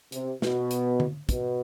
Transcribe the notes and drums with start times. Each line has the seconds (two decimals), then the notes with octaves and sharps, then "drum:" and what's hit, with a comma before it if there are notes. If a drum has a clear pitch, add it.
0.12 C3, drum: hi-hat
0.42 B2, drum: snare
0.71 drum: hi-hat
1.00 drum: tom D3
1.29 B2, drum: kick, hi-hat